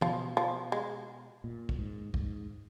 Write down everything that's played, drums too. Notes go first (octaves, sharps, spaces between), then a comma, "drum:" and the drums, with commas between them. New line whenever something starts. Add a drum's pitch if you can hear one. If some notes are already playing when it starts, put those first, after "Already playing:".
B2 F3, drum: tom E3
F3
G#3
A#2
drum: kick
G#2
G#2, drum: kick